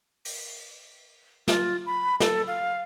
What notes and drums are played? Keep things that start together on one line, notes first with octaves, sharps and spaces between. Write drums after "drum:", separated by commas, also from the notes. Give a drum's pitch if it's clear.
drum: open hi-hat
F4, drum: snare
B5
A4, drum: snare
F5